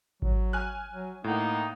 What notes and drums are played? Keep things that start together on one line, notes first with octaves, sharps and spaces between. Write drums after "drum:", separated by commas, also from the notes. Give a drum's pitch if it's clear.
F#3, drum: kick G#1
G#5 F6 F#6
F#3
A2 A#3 D#4 F#5